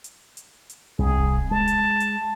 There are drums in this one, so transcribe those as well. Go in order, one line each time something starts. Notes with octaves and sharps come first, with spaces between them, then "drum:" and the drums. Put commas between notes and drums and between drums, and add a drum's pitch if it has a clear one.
drum: hi-hat
drum: hi-hat
drum: hi-hat
C2 G#4
drum: kick D1
G#3 A5
drum: hi-hat
drum: hi-hat